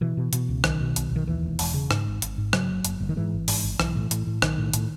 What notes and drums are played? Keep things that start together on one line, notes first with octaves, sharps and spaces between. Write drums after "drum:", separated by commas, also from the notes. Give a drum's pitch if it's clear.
B2 E3
B2
B2, drum: hi-hat
C#2
B1 D#3, drum: rim click
B2
B1, drum: hi-hat
B1 D#3
D#2 E3
E1
E1, drum: open hi-hat
C#3
G#2, drum: rim click
G#1
G#1, drum: hi-hat
G#2
C#3 F#3, drum: rim click
F#1
F#1, drum: hi-hat
F#1
D#3
G#2 E3
G#1
G#2, drum: open hi-hat
G#1
B1 E3, drum: rim click
A2
A2, drum: hi-hat
A2
B1 D#3, drum: rim click
A2
A2, drum: hi-hat